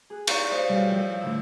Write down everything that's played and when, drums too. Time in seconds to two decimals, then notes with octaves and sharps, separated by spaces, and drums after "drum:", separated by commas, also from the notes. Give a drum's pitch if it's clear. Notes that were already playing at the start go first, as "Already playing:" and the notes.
0.10 G#4 F#6
0.27 D5 F#5 A#5 C6 C#6, drum: cymbal
0.51 G4 C5 C#5 F5 D#6 F6
0.68 B2 G3 G#4
0.90 F3 E4 G5
1.21 A2 D3 E6